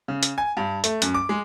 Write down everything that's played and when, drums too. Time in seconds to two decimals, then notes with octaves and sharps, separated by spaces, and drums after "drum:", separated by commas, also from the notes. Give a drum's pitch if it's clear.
0.08 C#3
0.23 drum: hi-hat
0.38 G#5
0.57 G2
0.84 A3, drum: hi-hat
1.02 F#2, drum: hi-hat
1.14 D6
1.29 G#3